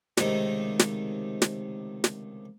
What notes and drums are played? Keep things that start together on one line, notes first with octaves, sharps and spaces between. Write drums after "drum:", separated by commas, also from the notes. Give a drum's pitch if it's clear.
C#2 C3 D#3 A3 D#4, drum: snare
drum: snare
drum: snare
drum: snare